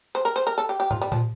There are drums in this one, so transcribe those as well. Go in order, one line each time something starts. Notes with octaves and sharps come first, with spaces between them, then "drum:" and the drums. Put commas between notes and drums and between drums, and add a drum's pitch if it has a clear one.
C5
A#4
C5
A#4
A4
G4
G4
F4, drum: tom
G3
F3, drum: tom A2